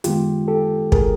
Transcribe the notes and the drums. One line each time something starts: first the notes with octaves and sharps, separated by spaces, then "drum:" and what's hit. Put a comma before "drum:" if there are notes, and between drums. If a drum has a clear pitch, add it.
F#2 D#3 G#3 B3 F4 G4, drum: hi-hat
G4 A4
G#4 A#4, drum: kick